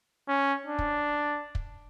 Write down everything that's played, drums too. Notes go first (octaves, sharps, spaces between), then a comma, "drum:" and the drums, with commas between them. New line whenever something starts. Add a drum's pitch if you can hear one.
C#4
D4
drum: kick
drum: kick